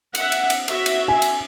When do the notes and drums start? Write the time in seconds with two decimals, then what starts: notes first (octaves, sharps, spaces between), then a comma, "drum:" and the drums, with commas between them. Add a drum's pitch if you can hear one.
0.15 E5 F#5, drum: cymbal
0.32 drum: cymbal
0.50 drum: cymbal
0.68 F#4 E5, drum: cymbal
0.86 drum: cymbal
1.08 G#5
1.22 drum: cymbal